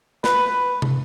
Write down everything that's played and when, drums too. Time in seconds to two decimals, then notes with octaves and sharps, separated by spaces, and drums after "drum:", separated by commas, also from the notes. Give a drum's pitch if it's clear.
0.24 B4, drum: snare
0.82 drum: tom